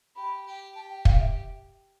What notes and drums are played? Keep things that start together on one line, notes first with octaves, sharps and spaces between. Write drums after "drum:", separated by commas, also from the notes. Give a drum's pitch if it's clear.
G4 B5
G4
G4 A5
G5
F5, drum: kick
E5